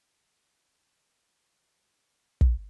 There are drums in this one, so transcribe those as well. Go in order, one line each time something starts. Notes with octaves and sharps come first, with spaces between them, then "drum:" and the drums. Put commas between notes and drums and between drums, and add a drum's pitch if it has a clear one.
D5
E2
F5
F#3 C#5
drum: kick